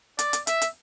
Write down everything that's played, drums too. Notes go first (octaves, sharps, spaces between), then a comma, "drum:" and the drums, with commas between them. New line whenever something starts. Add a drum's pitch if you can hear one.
D5, drum: hi-hat
drum: hi-hat
E5, drum: hi-hat
drum: hi-hat